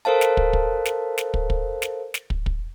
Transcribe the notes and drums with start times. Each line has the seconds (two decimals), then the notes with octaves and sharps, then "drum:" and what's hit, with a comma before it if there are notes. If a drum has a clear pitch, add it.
0.05 A4 A#4 C5 F5 A5
0.21 drum: snare
0.37 drum: kick
0.53 drum: kick
0.85 drum: snare
1.18 drum: snare
1.34 drum: kick
1.50 drum: kick
1.82 drum: snare
2.14 drum: snare
2.30 drum: kick
2.46 drum: kick